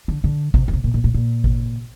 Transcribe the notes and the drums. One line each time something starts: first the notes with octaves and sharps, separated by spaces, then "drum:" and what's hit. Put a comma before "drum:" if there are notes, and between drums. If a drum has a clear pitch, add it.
D3
D3
C3, drum: kick G#1
D3
C3
A#2
A#2
A2
A#2
drum: kick G#1